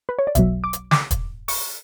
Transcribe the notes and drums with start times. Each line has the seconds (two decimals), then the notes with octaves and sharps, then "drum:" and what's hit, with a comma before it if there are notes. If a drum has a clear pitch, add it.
0.09 B4
0.19 C#5
0.27 D5
0.35 B1 B2 F#3 E5, drum: kick, hi-hat
0.64 D6
0.73 drum: hi-hat
0.91 D6, drum: snare
1.11 drum: kick, hi-hat
1.48 C#6, drum: open hi-hat